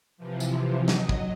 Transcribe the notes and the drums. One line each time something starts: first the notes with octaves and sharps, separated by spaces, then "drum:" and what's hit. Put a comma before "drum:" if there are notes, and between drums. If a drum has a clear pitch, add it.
C3 E3 F3
drum: tambourine
F#3 D#5, drum: snare
drum: kick